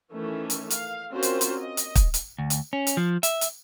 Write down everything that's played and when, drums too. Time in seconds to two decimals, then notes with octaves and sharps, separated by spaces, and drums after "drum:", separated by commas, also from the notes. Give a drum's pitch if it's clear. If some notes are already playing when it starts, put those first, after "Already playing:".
0.12 D#3 E3 A3 C#4
0.50 drum: hi-hat
0.70 F5, drum: hi-hat
1.11 C4 C#4 F4 F#4 A#4 C5
1.23 drum: hi-hat
1.41 drum: hi-hat
1.59 D#5
1.77 drum: hi-hat
1.95 drum: kick, hi-hat
2.14 drum: hi-hat
2.39 D2
2.50 drum: hi-hat
2.73 C#4
2.87 drum: hi-hat
2.97 F3
3.23 E5, drum: hi-hat
3.41 drum: hi-hat